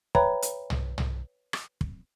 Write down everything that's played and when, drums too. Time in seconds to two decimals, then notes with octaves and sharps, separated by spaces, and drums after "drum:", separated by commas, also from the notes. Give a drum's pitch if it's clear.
0.15 B4 C#5 E5 G5 A#5 B5, drum: kick
0.42 drum: hi-hat
0.70 drum: tom
0.98 drum: tom
1.53 drum: rim click
1.81 drum: kick